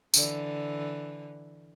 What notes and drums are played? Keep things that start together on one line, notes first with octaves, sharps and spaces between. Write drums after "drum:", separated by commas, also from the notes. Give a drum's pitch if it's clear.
D3 E3, drum: tambourine